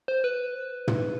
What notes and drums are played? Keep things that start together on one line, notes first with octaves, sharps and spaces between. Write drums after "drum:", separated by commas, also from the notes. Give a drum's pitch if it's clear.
C5
B4
drum: tom